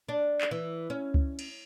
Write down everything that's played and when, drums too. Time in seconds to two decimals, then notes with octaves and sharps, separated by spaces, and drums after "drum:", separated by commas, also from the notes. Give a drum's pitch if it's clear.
0.09 D4
0.41 drum: clap
0.51 E3
0.90 C#4
1.14 drum: kick C#2
1.39 drum: cymbal